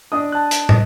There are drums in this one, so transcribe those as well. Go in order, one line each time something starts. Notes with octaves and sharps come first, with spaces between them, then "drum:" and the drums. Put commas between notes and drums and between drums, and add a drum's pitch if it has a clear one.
D4 D#5 D#6
A5 F#6
drum: hi-hat
D#5, drum: tom